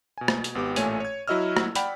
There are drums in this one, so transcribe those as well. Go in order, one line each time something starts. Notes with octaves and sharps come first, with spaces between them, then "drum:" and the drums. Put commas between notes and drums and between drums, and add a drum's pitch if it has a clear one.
B2 G#5
drum: rim click
drum: hi-hat
G#1 B3 G4 D6
A1 A#2 A3 C#5 G#5 D#7, drum: hi-hat
C#5 G#6
F#3 E4 F#4 D#5 E6 F6
drum: rim click
D5 F#5 G5 B5, drum: hi-hat